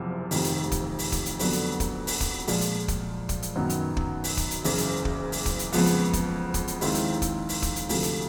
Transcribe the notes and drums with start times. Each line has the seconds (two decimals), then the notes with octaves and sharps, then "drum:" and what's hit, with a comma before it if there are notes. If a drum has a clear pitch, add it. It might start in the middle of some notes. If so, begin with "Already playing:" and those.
Already playing: F#1 E2 C3 F3
0.31 F1 F2 C3 D#3, drum: open hi-hat
0.44 drum: hi-hat
0.72 drum: kick, hi-hat
0.99 drum: open hi-hat
1.12 drum: kick, hi-hat
1.26 drum: hi-hat
1.39 F2 D3 F#3 B3, drum: open hi-hat
1.53 drum: hi-hat
1.80 drum: kick, hi-hat
2.07 drum: open hi-hat
2.21 drum: kick, hi-hat
2.47 A#2 F3 G#3, drum: open hi-hat
2.61 drum: hi-hat
2.88 drum: kick, hi-hat
3.29 drum: kick, hi-hat
3.42 drum: hi-hat
3.56 F#2 D#3 F#3 B3
3.70 drum: hi-hat
3.97 drum: kick
4.24 drum: open hi-hat
4.37 drum: kick, hi-hat
4.51 drum: hi-hat
4.64 F#1 E2 C#3, drum: open hi-hat
4.78 drum: hi-hat
5.05 drum: kick
5.32 drum: open hi-hat
5.46 drum: kick, hi-hat
5.59 drum: hi-hat
5.73 F2 C#3 F3 G#3 B3, drum: open hi-hat
5.86 drum: hi-hat
6.13 drum: kick, hi-hat
6.54 drum: kick, hi-hat
6.68 drum: hi-hat
6.81 D#2 D#3 G#3 C4 E4, drum: open hi-hat
6.95 drum: hi-hat
7.22 drum: kick, hi-hat
7.49 drum: open hi-hat
7.62 drum: kick, hi-hat
7.76 drum: hi-hat
7.89 D2 C3 F3 A3, drum: open hi-hat
8.03 drum: hi-hat